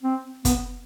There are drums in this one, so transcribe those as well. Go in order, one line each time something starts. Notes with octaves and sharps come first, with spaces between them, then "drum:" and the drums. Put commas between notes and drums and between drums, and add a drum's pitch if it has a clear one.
C4
B3, drum: kick, hi-hat